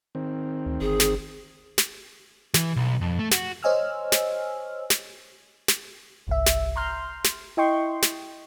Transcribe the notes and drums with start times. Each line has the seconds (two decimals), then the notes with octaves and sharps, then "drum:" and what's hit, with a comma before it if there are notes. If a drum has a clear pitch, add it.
0.15 D#3 C4
0.66 D2
0.81 G1 G#4
1.00 drum: snare
1.78 drum: snare
2.54 E3, drum: snare
2.76 B1
3.01 F2
3.19 A3
3.32 F#4, drum: snare
3.63 C5 C#5 D#5 G#5 E6 F6
4.12 drum: snare
4.90 drum: snare
5.68 drum: snare
6.27 G1 C2 E5
6.46 drum: snare
6.76 A#5 C6 F6 G6
7.25 drum: snare
7.57 E4 D#5 G5 C6 C#6
8.03 drum: snare